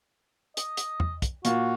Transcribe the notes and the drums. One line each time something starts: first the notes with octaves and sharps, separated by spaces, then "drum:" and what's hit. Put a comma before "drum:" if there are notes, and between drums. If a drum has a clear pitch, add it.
D#5, drum: hi-hat
drum: hi-hat
drum: tom
drum: kick, hi-hat
A#2 F4 F#4, drum: hi-hat